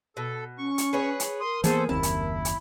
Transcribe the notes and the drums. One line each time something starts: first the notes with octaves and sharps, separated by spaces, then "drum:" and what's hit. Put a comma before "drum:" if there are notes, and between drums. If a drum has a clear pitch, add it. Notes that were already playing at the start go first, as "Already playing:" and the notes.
B2 A4
C#4 C#6
drum: hi-hat
G#4 B4 C#5
drum: hi-hat
A#4 C6 D#6
E3 A#3 B3 G#4 A4 C5, drum: hi-hat
F#1 D#2 C4 E4 A5
drum: hi-hat
drum: hi-hat